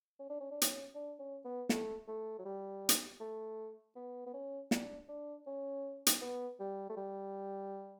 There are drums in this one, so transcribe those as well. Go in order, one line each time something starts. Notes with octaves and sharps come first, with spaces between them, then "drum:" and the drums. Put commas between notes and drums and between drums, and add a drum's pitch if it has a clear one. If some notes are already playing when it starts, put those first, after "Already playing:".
C#4
D4
C#4
D4
C#4, drum: hi-hat
D4
C#4
B3
A3, drum: snare
A3
F#3
G3
drum: hi-hat
A3
B3
B3
C#4
D4, drum: snare
D4
C#4
drum: hi-hat
B3
G3
A3
G3